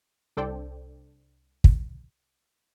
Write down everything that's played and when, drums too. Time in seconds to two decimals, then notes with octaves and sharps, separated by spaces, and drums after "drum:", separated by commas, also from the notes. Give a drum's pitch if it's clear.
0.37 C2 D4 A4 C5 D5 G5
1.64 drum: kick